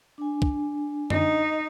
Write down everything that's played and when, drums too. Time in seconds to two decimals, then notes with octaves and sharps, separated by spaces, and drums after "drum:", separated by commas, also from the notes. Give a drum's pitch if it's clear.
0.18 D4 G#5
0.42 drum: kick
1.10 D#4, drum: tom F#2